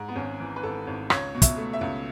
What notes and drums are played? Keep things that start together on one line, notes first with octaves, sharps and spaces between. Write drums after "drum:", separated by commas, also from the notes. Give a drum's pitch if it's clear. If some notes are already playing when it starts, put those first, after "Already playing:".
Already playing: G#2
B3
G#1 C#4
E3
B4
G#1 A4
G#1
C#2 C#5, drum: rim click
B2
E5, drum: kick, hi-hat
A3
E5
C#2